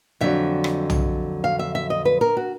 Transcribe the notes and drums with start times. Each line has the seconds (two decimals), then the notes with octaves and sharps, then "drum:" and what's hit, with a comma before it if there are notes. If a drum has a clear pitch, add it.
0.21 F2 D3 F#3 E5
0.64 drum: rim click
0.90 drum: tom
1.44 F5
1.59 E5
1.75 E5
1.90 D#5
2.05 B4
2.21 A#4
2.37 F#4